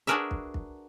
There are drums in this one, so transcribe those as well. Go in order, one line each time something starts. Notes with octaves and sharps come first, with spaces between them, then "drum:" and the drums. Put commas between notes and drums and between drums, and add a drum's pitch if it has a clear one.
D4 F#4 G#4 A#4 B4 E5
drum: kick
drum: kick